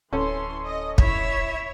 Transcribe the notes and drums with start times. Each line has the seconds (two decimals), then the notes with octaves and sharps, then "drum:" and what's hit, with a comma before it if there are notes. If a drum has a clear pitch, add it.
0.13 D1 E3 C#4 A4 C6
0.65 D#5
0.98 E4 C#5 E5, drum: kick